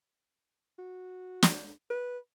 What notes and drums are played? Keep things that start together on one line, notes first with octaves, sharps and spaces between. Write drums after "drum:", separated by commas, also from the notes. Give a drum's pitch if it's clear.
F#4
drum: snare
B4